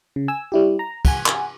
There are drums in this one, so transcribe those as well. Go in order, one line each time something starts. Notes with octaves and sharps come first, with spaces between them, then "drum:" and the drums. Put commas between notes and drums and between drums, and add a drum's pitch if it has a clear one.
C#3
G#5 E6
G3 E4 G4
A#5
F#5 G#5, drum: kick, cymbal
drum: clap